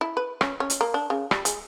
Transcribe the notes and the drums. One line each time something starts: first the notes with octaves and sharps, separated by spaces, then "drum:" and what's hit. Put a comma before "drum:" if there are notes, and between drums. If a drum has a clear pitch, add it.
E4
B4
C#4, drum: rim click
C#4
drum: hi-hat
A#3
D4
C#3
G3, drum: rim click
G#3, drum: hi-hat